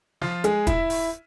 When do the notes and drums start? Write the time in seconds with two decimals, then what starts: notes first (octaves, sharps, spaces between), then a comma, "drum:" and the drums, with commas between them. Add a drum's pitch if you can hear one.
0.22 F3 F4, drum: snare
0.44 G#3 G#4, drum: hi-hat
0.67 E4 E5, drum: kick, hi-hat
0.90 drum: open hi-hat